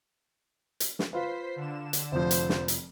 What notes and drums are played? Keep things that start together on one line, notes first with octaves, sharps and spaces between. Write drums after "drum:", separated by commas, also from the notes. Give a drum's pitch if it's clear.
drum: hi-hat
drum: snare
F4 B4 C5 B6 C7
D3 E7
drum: hi-hat
F1 F3 C5
drum: hi-hat
drum: snare
drum: hi-hat